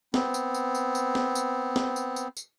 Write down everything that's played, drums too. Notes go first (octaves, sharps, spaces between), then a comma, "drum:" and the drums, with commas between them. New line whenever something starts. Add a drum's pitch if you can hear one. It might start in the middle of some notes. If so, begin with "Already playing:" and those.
B3 C4, drum: snare
drum: tambourine
drum: tambourine
drum: tambourine
drum: tambourine
drum: snare
drum: tambourine
drum: snare
drum: tambourine
drum: tambourine
drum: tambourine